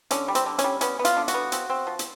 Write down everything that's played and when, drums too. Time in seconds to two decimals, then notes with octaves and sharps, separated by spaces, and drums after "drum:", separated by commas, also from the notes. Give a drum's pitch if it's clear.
0.11 D3 C#4, drum: hi-hat
0.28 G3
0.35 C4, drum: hi-hat
0.46 D3
0.59 C#4, drum: hi-hat
0.64 G3
0.81 B3 C#4, drum: hi-hat
0.99 B3
1.05 F4, drum: hi-hat
1.17 D3
1.28 F#4, drum: hi-hat
1.34 B3
1.52 C4, drum: hi-hat
1.70 C4
1.87 F3
1.99 drum: hi-hat